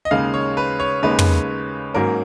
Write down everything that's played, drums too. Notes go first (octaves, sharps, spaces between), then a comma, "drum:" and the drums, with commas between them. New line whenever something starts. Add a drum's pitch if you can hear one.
D#5
D#2 C#3 G#3 D#4 F5
C#5
B4
C#5
D#2 C#3 G#3 D#4 B4
drum: tom
G#2 F#3 A#3 C#4 A#4